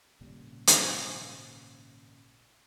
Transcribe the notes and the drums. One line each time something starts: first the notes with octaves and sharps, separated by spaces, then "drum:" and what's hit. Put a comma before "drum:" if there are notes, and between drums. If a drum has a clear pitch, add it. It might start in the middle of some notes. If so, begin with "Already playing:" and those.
G#1 A#2 C#3 G3
drum: hi-hat